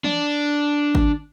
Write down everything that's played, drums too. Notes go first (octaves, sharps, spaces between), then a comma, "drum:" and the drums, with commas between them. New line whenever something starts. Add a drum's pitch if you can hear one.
D4, drum: tom E3
drum: kick G#1